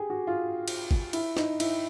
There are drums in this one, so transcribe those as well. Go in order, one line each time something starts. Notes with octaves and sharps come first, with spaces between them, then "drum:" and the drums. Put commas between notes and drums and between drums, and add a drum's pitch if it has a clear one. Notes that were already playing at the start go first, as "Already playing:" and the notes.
Already playing: G4 G#4
F#4
F4
drum: cymbal
drum: kick
E4, drum: cymbal
D#4, drum: snare
E4, drum: cymbal